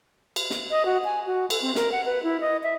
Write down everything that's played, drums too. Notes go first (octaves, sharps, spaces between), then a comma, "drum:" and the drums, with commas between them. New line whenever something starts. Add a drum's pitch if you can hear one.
drum: cymbal
drum: snare
D#5
F#4
G#5
F#4
A4, drum: cymbal
C4
A#4, drum: snare
F#5
B4
E4
D#5
E5